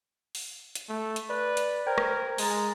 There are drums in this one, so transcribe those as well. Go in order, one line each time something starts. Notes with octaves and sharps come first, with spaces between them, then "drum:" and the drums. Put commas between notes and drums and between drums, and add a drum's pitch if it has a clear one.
drum: open hi-hat
drum: hi-hat
A3
drum: hi-hat
B4 D5
drum: hi-hat
A#4 C5 G5 G#6
drum: rim click
G#3 G#5 A#5 A6, drum: open hi-hat